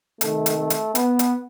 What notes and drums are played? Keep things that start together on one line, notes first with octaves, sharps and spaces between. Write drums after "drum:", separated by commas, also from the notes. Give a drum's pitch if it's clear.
C3 D#3 A3, drum: hi-hat
drum: hi-hat
A3
drum: hi-hat
B3, drum: hi-hat
drum: hi-hat